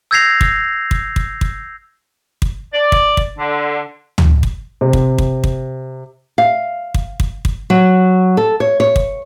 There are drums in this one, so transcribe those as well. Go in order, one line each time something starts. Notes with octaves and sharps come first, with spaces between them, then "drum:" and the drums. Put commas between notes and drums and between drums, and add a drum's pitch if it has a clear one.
E6 G6 G#6 A#6 C7 F7
drum: kick
drum: kick
drum: kick
drum: kick
drum: kick
D5
drum: kick
drum: kick
D3
drum: tom
drum: kick
C3
drum: kick
drum: kick
drum: kick
F5
drum: kick
drum: kick
drum: kick
F#3
A4
C#5
C#5
drum: kick